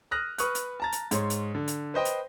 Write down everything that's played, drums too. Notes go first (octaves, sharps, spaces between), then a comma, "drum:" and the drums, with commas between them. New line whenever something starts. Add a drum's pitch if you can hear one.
D#6 F6 F#6 A#6
B4 C#6 D#6 F6 F#6, drum: hi-hat
drum: hi-hat
A5 A#5 A6
drum: hi-hat
G#2 C#5 C6, drum: hi-hat
drum: hi-hat
D3
drum: hi-hat
B4 C5 D#5 G5 C6
drum: hi-hat